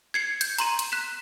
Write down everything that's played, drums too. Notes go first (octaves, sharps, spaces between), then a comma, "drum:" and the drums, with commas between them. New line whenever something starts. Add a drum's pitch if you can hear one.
G#6 C7 C#7
G6, drum: hi-hat
A#5 C6 D#7, drum: hi-hat
drum: hi-hat
F#6 B6 E7